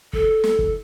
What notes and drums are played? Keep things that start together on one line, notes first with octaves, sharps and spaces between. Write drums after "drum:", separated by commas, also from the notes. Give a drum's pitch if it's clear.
A4, drum: kick
drum: snare
drum: kick